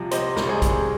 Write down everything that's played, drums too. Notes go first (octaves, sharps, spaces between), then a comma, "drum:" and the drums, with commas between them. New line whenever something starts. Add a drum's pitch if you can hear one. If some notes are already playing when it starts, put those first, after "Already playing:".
Already playing: C2 C3 F3
C3 C5 D#5, drum: hi-hat
C2, drum: snare
G#4 C5
C2, drum: kick, hi-hat